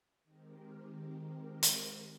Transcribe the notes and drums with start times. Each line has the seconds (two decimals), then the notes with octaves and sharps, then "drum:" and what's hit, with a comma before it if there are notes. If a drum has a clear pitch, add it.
0.23 D#3 G#3 C4 G4 A#4
1.63 drum: hi-hat